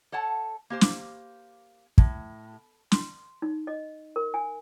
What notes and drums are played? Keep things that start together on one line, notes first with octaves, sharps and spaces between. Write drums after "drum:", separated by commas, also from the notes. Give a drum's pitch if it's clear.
A4 C#5 F#5 A5
A#3 G4 C5
drum: snare
A2, drum: kick
C6, drum: snare
D#4
D#5
A#4
G#5